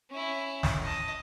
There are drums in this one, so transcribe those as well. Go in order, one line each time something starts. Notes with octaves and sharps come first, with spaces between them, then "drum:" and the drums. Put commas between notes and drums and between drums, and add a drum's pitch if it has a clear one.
C#4 E4
drum: snare
D#5 A5